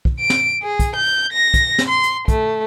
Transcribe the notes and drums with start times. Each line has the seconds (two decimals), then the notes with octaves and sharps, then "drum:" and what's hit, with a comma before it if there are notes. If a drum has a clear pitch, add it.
0.05 drum: kick
0.20 D7
0.30 drum: snare
0.63 G#4
0.79 drum: kick, hi-hat
0.96 G6
1.33 A#6
1.54 drum: kick, hi-hat
1.79 drum: snare
1.88 C6
2.03 drum: hi-hat
2.28 A3, drum: kick, hi-hat